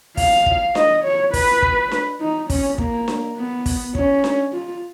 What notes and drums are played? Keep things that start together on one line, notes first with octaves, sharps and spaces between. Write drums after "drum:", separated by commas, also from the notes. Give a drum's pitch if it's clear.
F5, drum: kick, open hi-hat
drum: kick
D#5, drum: snare D4
C#5
B4, drum: kick, open hi-hat
drum: kick
drum: snare D4
D#4
C#4, drum: kick, open hi-hat
A#3, drum: kick
drum: snare D4
B3
drum: kick, open hi-hat
C#4, drum: kick
drum: snare D4
F4